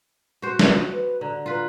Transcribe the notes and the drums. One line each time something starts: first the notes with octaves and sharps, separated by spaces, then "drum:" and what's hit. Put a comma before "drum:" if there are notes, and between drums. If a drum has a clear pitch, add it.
F#4 C5
drum: snare
B4
D3 A#5
F4 B4